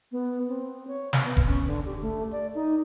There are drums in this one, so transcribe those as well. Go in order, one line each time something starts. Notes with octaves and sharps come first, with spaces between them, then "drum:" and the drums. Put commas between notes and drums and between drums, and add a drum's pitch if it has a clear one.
B3
C4
C#5
drum: snare
B3
drum: kick E1
C#4
D3
G4
A3
D5
D#4